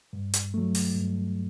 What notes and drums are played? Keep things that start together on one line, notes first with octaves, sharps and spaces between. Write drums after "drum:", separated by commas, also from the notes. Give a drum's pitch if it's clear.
G2
drum: hi-hat
F#3 A3
drum: open hi-hat
G2